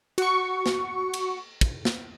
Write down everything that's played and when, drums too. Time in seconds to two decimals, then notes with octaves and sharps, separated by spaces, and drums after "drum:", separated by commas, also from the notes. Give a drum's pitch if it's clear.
0.18 F#4 C#6, drum: cymbal
0.66 drum: snare
1.14 drum: cymbal
1.61 drum: kick, cymbal
1.85 drum: snare